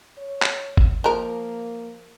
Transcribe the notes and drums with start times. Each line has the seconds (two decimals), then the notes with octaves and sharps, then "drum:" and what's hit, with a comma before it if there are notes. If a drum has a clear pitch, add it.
0.18 C#5
0.42 drum: clap
0.77 drum: kick G#1
1.04 F3 A#3 A#4